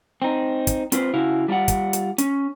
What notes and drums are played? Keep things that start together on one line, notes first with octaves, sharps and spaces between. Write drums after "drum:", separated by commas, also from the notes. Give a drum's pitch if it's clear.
C4 D#4
drum: kick, hi-hat
C4 F4 B4 C5, drum: hi-hat
C#3 E4 F#4 F5
G3 D4 F4 F#4 D5 F#5
drum: kick, hi-hat
drum: hi-hat
C#4, drum: hi-hat